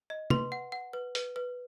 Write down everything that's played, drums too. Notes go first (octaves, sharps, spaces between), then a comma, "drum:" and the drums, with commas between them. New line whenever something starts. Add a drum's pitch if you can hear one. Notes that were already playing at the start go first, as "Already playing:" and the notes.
D#5
B4 C6, drum: tom
F#5
F#5
B4
B4, drum: hi-hat
B4